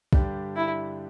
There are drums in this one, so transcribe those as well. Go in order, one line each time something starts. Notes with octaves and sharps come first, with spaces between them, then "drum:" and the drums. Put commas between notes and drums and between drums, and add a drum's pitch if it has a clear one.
G2 D3 G3 D4 G4, drum: kick
E4